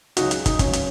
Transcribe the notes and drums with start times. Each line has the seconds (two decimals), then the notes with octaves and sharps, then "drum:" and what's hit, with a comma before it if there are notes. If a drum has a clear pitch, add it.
0.17 C#2 C#3 F#3 D#4 F#4, drum: hi-hat
0.31 drum: hi-hat
0.46 D#4, drum: kick, hi-hat
0.59 C#2 C#3 F#3 C#4, drum: kick, hi-hat
0.73 drum: hi-hat